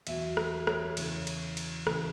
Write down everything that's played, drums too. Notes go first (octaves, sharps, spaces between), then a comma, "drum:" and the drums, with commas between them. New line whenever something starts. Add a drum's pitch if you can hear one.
E2 B2 F#3 E5, drum: cymbal
drum: rim click
C#5, drum: rim click
E2 C#3 E3 C#5, drum: cymbal
drum: cymbal
drum: cymbal
E2 C#3 E3, drum: rim click